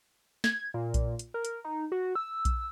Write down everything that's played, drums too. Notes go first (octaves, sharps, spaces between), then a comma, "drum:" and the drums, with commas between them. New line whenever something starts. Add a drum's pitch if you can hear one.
G#6, drum: snare
A#2
drum: kick A#1, hi-hat
drum: hi-hat
A#4
drum: hi-hat
D#4
F#4
E6
drum: kick A#1, hi-hat